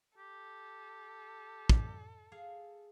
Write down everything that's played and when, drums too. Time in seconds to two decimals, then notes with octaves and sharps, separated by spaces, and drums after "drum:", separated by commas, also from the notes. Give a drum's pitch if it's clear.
0.18 G4 A4
1.69 drum: kick
2.32 G#4 F5 G#5